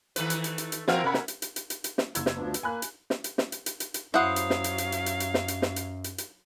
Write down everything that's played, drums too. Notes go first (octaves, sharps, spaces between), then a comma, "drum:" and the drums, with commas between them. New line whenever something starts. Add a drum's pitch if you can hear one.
D#3 A3 B4, drum: hi-hat
drum: hi-hat
drum: hi-hat
drum: hi-hat
drum: hi-hat
E3 C4 F#4 A#4 F5, drum: snare
C3 A#4 F#5 B5
drum: snare
drum: hi-hat
drum: hi-hat
drum: hi-hat
drum: hi-hat
drum: hi-hat
drum: snare
F#1 E6 G#6, drum: hi-hat
drum: snare
D2 F3 B3 D4
drum: hi-hat
A#3 G#5 B5 F#6
drum: hi-hat
drum: snare
drum: hi-hat
drum: snare
drum: hi-hat
drum: hi-hat
drum: hi-hat
drum: hi-hat
F#2 F#3 E4 C5 F5 F#5 D#6
drum: hi-hat
drum: snare
drum: hi-hat
drum: hi-hat
drum: hi-hat
drum: hi-hat
drum: hi-hat
drum: snare
drum: hi-hat
drum: snare
drum: hi-hat
drum: hi-hat
drum: hi-hat